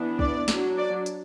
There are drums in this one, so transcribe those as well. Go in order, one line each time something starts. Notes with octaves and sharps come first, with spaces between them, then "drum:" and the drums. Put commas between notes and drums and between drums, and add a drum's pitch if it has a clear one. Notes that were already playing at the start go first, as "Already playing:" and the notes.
Already playing: E3 B3 D4
D5, drum: kick
F#3 D4, drum: snare
D5
drum: hi-hat